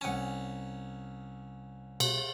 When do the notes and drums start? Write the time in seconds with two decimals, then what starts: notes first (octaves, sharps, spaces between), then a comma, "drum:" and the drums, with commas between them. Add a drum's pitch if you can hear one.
0.01 C2 C#4 F#5 G#5
2.00 B2, drum: cymbal